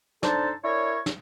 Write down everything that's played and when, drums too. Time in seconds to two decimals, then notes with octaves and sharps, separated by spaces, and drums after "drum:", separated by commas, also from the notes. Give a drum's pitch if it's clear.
0.23 C4 D4 D#4 A4 C5 A5, drum: snare
0.64 D4 E4 A#4 C#5
1.06 drum: snare